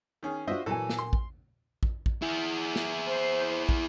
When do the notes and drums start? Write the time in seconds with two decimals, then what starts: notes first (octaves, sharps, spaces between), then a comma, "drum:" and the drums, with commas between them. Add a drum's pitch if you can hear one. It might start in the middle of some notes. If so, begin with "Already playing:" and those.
0.23 D#3 C#4 G#4
0.47 D4 F4 F#4 C5 D#5 E5
0.66 A#2 E3 F#3 A4 G#5
0.90 drum: snare
0.99 C6
1.13 drum: kick
1.83 drum: kick
2.06 drum: kick
2.22 E4 G#4
2.76 drum: snare
3.05 C5
3.69 drum: kick